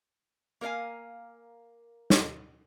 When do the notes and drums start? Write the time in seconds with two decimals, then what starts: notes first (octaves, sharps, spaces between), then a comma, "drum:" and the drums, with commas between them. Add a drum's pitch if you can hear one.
0.61 A#3 A#4 C5 F5 G#5
2.10 drum: snare